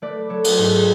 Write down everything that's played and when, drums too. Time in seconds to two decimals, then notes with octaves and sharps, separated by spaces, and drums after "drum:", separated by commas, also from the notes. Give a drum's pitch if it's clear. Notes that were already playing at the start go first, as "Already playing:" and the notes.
0.02 A3 B4 D5
0.30 F#3 A4 C#5
0.44 drum: cymbal
0.58 G#2 G#4 B4